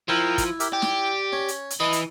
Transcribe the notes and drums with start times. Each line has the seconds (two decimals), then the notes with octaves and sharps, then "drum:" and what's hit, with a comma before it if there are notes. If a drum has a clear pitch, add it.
0.09 F3 E4 A#4 G5 A#5
0.38 drum: kick, hi-hat
0.60 G4 A#4 E5, drum: hi-hat
0.73 G4 D5
0.82 drum: snare
1.33 C#4
1.48 drum: hi-hat
1.70 drum: hi-hat
1.80 E3 E4 D#5 A5
1.93 drum: hi-hat